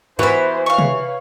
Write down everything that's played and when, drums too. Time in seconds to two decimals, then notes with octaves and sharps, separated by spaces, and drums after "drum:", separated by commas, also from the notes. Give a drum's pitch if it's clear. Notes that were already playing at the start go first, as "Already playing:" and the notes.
0.19 E3 B3 F#4 C5 B5
0.66 B4 C#5 F5 C#6
0.79 drum: tom C3